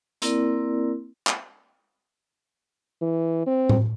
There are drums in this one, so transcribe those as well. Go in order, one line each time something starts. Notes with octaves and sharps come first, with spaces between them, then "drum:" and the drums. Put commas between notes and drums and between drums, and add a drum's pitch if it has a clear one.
A#3 C4 E4 A#4 D5, drum: hi-hat
drum: clap
E3
C4
drum: tom A2